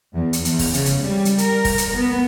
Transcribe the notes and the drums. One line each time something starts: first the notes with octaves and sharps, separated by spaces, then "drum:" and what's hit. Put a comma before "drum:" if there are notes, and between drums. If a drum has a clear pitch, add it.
E2
drum: hi-hat
E2, drum: hi-hat
drum: kick, open hi-hat
C#3, drum: hi-hat
drum: hi-hat
G3
drum: hi-hat
A#4, drum: hi-hat
drum: kick, open hi-hat
drum: hi-hat
B3